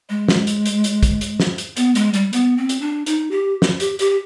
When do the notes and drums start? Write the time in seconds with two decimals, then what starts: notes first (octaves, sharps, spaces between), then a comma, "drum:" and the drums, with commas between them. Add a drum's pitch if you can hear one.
0.10 G#3
0.28 drum: snare
0.47 drum: hi-hat
0.66 drum: hi-hat
0.84 drum: hi-hat
1.03 drum: kick, hi-hat
1.21 drum: hi-hat
1.40 drum: snare
1.58 drum: hi-hat
1.77 B3, drum: hi-hat
1.95 G#3, drum: hi-hat
2.14 G3, drum: hi-hat
2.33 B3, drum: hi-hat
2.58 C4
2.69 drum: hi-hat
2.81 D4
3.06 D#4, drum: hi-hat
3.31 G4
3.62 drum: snare
3.80 G4, drum: hi-hat
3.99 G4, drum: hi-hat